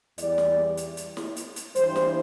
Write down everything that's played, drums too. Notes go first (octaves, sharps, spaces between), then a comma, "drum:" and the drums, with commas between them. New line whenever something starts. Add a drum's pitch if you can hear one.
E2 E3 G3 D5, drum: hi-hat
drum: snare
drum: hi-hat
drum: hi-hat
drum: snare
drum: hi-hat
drum: hi-hat
G2 E3 G3 C5, drum: hi-hat
drum: snare